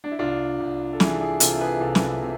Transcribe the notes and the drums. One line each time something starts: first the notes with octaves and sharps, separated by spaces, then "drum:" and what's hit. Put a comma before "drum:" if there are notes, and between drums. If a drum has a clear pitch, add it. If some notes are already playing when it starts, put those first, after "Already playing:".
D4
E4
C2 D4 F4
C2
A4
E3 E4 G#4, drum: snare
E4 G#4
C3 F4 A4, drum: hi-hat
G#4 B4
C2 F4 A4
drum: snare
C3